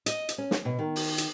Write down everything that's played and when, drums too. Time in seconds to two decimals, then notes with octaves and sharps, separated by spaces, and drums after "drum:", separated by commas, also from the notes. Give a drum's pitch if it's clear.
0.06 D#5, drum: hi-hat
0.29 drum: hi-hat
0.38 C#4
0.51 drum: snare
0.65 B2
0.79 D#3
0.96 drum: open hi-hat
1.18 drum: hi-hat